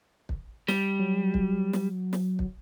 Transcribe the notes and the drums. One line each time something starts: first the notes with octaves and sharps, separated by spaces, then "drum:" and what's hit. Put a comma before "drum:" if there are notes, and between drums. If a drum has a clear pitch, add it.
drum: kick
G3, drum: snare
F#3
drum: kick
drum: snare
drum: snare
drum: kick